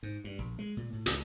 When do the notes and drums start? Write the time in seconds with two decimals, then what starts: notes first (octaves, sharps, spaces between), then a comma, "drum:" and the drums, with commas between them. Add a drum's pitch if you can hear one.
0.03 G#2
0.24 G2
0.39 A#1
0.59 G#3
0.77 A#2
0.93 A2
1.06 C#2, drum: hi-hat